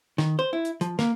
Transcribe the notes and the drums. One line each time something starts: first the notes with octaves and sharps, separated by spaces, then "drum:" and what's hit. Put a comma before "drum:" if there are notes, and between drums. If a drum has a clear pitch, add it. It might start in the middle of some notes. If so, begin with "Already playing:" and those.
D#3, drum: snare
C5
E4
drum: hi-hat
F3, drum: hi-hat
A#3, drum: snare